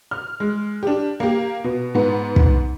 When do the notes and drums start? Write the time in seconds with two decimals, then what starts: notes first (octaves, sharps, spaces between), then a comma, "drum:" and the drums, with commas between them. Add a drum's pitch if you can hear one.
0.11 F6
0.40 G#3
0.83 D4 G4
1.20 A#3 G4
1.64 B2
1.94 G#2 B3
2.36 drum: kick